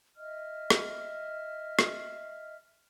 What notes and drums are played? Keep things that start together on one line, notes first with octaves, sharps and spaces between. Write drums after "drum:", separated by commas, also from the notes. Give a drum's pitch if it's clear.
D#5 E5 F6
drum: rim click
drum: rim click